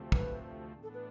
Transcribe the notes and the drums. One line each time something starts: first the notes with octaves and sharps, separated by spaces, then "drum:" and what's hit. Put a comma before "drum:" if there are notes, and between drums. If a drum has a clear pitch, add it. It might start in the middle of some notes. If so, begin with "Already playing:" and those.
Already playing: D2 C3 F3 A3 C4
B4, drum: kick
A2 E3 B3 D4
A4
B4